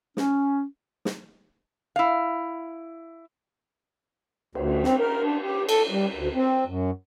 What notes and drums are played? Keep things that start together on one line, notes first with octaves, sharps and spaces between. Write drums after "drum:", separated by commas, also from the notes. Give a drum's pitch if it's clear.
C#4, drum: snare
drum: snare
E4 F5
D2, drum: cymbal
C4, drum: snare
A#4
D4
G4
A4, drum: cymbal
G3
D2
C4
F#2